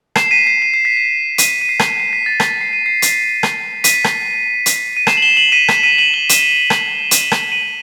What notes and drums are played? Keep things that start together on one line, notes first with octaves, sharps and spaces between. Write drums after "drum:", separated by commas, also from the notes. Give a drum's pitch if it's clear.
C7 E7, drum: rim click
B6 D#7
C7
D#7
C7
B6
C7
B6 D#7, drum: hi-hat
D#7
C7
drum: rim click
C7
B6
A6
B6, drum: rim click
C7
D#7
C7
drum: hi-hat
drum: rim click
B6 D#7, drum: hi-hat
drum: rim click
drum: hi-hat
D#7
C7 E7, drum: rim click
F#7
E7 G7
D#7 F#7
B6 D#7
B6, drum: rim click
B6 D#7
D#7 F#7
E7 G7
E7 G7, drum: hi-hat
drum: rim click
drum: hi-hat
drum: rim click
D#7 F#7